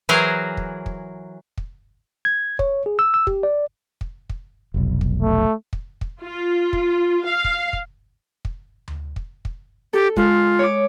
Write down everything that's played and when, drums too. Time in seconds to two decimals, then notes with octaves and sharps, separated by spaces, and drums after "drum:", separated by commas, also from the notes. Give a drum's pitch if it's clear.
0.09 E3 F#3 G#4 A#4 C5
0.57 drum: kick
0.86 drum: kick
1.58 drum: kick
2.25 G#6
2.59 C#5, drum: kick
2.86 G#4
2.99 E6
3.14 E6
3.27 G4, drum: kick
3.43 D5
4.01 drum: kick
4.30 drum: kick
4.74 F1 B1
5.01 drum: kick
5.22 A3
5.73 drum: kick
6.01 drum: kick
6.21 F4
6.73 drum: kick
7.25 F5
7.44 drum: kick
7.73 drum: kick
8.45 drum: kick
8.88 drum: tom D2
9.16 drum: kick
9.45 drum: kick
9.93 G4 A4
10.16 G#3 F4, drum: kick
10.59 C#5 D6